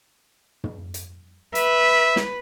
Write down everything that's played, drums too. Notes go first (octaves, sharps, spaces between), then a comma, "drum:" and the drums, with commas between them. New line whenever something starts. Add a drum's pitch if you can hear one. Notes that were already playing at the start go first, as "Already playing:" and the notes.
drum: tom
drum: hi-hat
B4 E5, drum: hi-hat
drum: snare